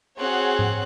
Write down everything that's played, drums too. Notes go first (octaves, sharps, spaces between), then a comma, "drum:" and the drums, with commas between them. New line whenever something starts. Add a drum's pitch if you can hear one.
C4 F#4 G#4 C#5 F#6
drum: tom G#2